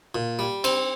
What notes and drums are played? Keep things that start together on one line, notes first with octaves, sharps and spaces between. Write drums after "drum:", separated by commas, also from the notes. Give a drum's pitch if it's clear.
A#2
G3
C4, drum: cymbal